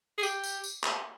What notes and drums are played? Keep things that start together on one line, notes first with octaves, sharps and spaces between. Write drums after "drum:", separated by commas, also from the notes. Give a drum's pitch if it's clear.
G#4
G4, drum: tambourine
drum: tambourine
drum: tambourine
drum: clap